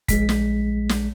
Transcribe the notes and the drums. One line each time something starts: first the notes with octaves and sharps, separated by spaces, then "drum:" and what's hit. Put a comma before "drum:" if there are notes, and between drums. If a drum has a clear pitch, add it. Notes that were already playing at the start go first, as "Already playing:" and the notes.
A#1 G#3 B6, drum: kick F1, hi-hat
drum: snare
drum: snare